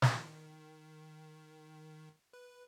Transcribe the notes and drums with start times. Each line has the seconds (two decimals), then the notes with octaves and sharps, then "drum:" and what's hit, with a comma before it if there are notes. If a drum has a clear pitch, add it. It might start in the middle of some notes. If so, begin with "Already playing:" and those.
0.02 D#3, drum: snare
2.33 B4